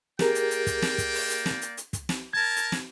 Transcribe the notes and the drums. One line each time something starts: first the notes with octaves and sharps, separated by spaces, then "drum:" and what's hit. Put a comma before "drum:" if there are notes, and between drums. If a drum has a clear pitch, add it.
A#3 G4 G#4 A#4 D5 G5, drum: snare
drum: hi-hat
drum: hi-hat
drum: kick, hi-hat
drum: snare
drum: kick, hi-hat
drum: open hi-hat
drum: hi-hat
drum: snare
drum: hi-hat
drum: hi-hat
drum: kick, hi-hat
drum: snare
A#4 A5 G#6
drum: hi-hat
drum: snare